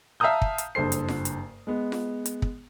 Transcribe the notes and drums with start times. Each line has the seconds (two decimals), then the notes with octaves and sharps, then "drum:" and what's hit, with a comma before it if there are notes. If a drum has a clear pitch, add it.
0.20 E5 F5 A5 A#5 D#6 G6
0.42 drum: kick
0.58 drum: hi-hat
0.75 F#1 G2 A4 C5 C7
0.92 drum: hi-hat
1.08 drum: snare F4
1.25 drum: hi-hat
1.67 G#3 B3
1.92 drum: snare F4
2.26 drum: hi-hat
2.42 drum: kick